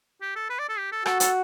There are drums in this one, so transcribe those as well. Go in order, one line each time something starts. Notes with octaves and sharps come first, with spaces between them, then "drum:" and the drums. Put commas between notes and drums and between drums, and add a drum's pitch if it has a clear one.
G4
A4
B4
D5
A4
G4
A4
F#4 A4, drum: rim click
A4, drum: hi-hat